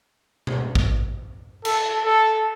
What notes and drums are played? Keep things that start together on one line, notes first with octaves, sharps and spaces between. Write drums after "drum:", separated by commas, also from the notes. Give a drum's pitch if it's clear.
drum: tom B2
drum: kick A1
A4, drum: cymbal
A4